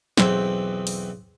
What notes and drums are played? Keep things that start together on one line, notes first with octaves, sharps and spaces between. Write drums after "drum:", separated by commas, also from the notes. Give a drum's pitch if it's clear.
B1 E2 C4, drum: snare
drum: open hi-hat